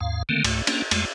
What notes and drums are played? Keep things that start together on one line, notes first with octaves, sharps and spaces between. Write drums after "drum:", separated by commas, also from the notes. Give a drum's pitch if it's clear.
D#2 G#2 F5
D3 D#3 A3 A#3 C4
C#2 G#2 A3, drum: cymbal
A#3 C#4 D4, drum: cymbal
F2 G#3 A3, drum: cymbal